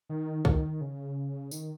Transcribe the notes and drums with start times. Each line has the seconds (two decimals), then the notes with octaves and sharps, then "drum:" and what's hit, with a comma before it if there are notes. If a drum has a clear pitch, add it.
0.09 D#3
0.45 D#3, drum: kick B1
0.81 C#3
1.51 D#3, drum: tambourine